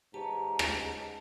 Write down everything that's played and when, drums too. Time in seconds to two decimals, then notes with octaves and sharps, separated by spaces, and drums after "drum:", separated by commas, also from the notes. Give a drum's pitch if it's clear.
0.14 G#2 G4 B4 C#5 A5 A#5
0.59 drum: rim click